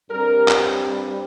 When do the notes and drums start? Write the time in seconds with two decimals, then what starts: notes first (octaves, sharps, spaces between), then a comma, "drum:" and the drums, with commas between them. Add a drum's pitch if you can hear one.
0.10 G2 G3 C4 A#4
0.48 drum: clap